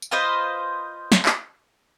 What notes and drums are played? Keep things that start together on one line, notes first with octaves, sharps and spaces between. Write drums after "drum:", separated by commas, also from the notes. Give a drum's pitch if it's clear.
drum: tambourine
F4 B4 C5 D#5
drum: snare
drum: clap